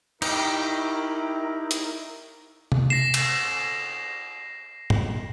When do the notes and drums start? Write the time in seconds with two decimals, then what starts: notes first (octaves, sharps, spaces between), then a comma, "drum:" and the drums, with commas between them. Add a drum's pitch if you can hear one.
0.22 D#4 E4 G4 A#4, drum: cymbal
1.71 drum: hi-hat
2.72 drum: tom C3
2.90 A#6 C7 E7
3.14 drum: cymbal
4.90 drum: tom G#2